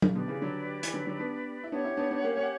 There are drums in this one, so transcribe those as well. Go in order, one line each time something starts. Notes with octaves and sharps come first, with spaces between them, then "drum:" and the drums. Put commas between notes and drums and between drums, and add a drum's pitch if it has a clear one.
drum: tom F#3
B2 D3 G4 B4 D5
C#3 E3
D3 F#3
E3, drum: hi-hat
D3 F#3
D3 F#3
B3 D4
E4
B3 D4 G4 C#5 F#5
C#4 E4
B3 D4
B3 D4
A#3 C#4
A#3 C#4